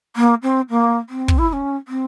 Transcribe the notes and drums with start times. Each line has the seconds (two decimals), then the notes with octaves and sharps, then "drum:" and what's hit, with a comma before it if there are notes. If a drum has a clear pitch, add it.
0.16 A#3
0.42 C4
0.69 A#3
1.09 C4
1.28 drum: kick
1.38 E4
1.48 E4
1.52 C#4
1.88 C4